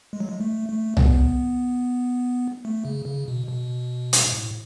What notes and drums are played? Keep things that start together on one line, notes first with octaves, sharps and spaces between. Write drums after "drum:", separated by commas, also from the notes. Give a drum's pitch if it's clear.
G#3
F#3
G#3
A3
A3
B3, drum: tom
A3
C#3
C#3
B2
B2
drum: hi-hat
A2